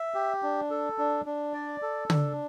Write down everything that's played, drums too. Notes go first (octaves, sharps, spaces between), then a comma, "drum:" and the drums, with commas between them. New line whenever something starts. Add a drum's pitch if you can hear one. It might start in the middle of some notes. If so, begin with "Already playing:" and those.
Already playing: E5
G4
D4
A4
D4
D4
D5
A4
D4, drum: tom